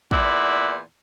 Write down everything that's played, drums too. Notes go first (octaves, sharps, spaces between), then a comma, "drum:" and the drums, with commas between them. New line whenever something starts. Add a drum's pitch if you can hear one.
E2 A#2 E4 D5 F#5, drum: kick